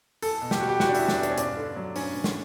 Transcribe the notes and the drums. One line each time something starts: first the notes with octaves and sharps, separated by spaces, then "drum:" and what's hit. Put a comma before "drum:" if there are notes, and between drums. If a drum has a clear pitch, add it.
E2 A4, drum: open hi-hat
B2
G4, drum: snare
G3 F#4
G4
E2 F#4, drum: snare
D4
E4, drum: open hi-hat
E2
D4, drum: snare
B2
D4, drum: hi-hat
C#4
G2 D4, drum: hi-hat
D3
F#3
G2 C#4, drum: open hi-hat
G2
drum: snare